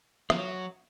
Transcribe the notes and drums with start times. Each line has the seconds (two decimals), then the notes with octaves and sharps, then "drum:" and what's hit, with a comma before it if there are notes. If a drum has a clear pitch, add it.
0.30 F3, drum: rim click
0.35 F#3